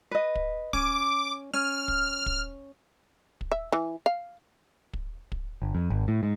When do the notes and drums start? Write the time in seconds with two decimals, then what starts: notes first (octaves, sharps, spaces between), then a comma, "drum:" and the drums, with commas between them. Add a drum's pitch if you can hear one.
0.11 B4 D#5
0.35 drum: kick
0.73 C#4 D6, drum: kick
1.54 C#4 F6
1.88 drum: kick
2.26 drum: kick
3.41 drum: kick
3.51 E5
3.72 E3
4.06 F5
4.93 drum: kick
5.32 drum: kick
5.62 G1
5.75 F2
5.90 G#1
6.08 A2
6.23 G#2